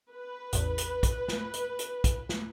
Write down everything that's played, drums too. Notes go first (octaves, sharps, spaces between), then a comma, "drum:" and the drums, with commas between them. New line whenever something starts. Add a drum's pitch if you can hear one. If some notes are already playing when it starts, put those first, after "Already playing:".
B4
A1 E2, drum: hi-hat
drum: hi-hat
drum: kick, hi-hat
drum: snare
drum: hi-hat
drum: hi-hat
drum: kick, hi-hat
drum: snare